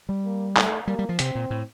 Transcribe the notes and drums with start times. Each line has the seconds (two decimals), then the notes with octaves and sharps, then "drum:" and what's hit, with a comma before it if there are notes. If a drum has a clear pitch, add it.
0.09 G3
0.25 A#3
0.57 A3, drum: clap
0.87 G3 A#3
0.99 G3
1.09 F3
1.19 C3 C4, drum: hi-hat
1.35 A#2
1.50 A2